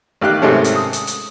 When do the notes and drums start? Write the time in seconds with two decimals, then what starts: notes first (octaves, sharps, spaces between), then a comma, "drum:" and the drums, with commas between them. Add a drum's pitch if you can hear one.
0.22 A1 D#3 G4 F5 F#6
0.42 G#2 C3 D#3 G#3 A3 C#4
0.64 drum: hi-hat
0.76 D#6
0.93 drum: hi-hat
1.07 drum: hi-hat